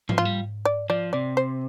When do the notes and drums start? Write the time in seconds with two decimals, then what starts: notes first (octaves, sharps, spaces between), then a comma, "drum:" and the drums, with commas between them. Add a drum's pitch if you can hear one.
0.09 F3, drum: tom G#2
0.18 F4
0.25 G3
0.65 D5
0.90 F3 D5
1.13 C3 D5
1.37 C5